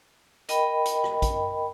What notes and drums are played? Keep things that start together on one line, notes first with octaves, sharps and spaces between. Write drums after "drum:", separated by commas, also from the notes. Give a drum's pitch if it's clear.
A#4 D#5 G5 B5, drum: hi-hat
drum: hi-hat
drum: rim click
drum: kick, hi-hat